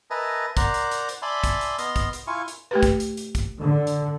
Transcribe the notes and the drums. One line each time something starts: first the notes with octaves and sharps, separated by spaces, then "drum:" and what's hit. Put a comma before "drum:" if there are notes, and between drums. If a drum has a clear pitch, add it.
A#4 B4 D#5 E5 G#5 A5
A#4 C5 D5 F#5 A#5, drum: kick, hi-hat
drum: hi-hat
drum: hi-hat
drum: hi-hat
D5 E5 G#5 A5 B5 C6
drum: kick, hi-hat
drum: hi-hat
B3 D#5 C6 F6, drum: hi-hat
drum: kick, hi-hat
drum: hi-hat
E4 F4 F5 G#5 C#6
drum: hi-hat
A3 G4 B4
drum: kick, hi-hat
drum: hi-hat
drum: hi-hat
drum: kick, hi-hat
D3
drum: hi-hat